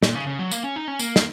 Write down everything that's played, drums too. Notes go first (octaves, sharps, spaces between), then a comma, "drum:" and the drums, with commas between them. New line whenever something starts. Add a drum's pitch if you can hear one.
A#2, drum: snare
C#3
C#3
F#3
A#3, drum: tambourine
C#4
D#4
C#4
A#3, drum: tambourine
drum: snare